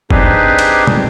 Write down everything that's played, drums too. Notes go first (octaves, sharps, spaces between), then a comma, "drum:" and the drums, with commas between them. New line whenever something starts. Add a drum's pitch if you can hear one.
C4 D4 D#4 G4 G#4 B4, drum: kick
drum: cymbal
drum: tom